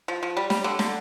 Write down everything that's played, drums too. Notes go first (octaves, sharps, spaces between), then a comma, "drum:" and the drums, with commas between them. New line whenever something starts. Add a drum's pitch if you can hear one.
F3
F3
G3
G3, drum: snare
D3
D3, drum: snare